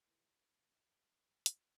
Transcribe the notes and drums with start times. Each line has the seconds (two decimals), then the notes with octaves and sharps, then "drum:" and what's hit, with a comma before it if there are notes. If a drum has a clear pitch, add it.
0.06 C3 D#3 A3 E4 B4
1.46 drum: hi-hat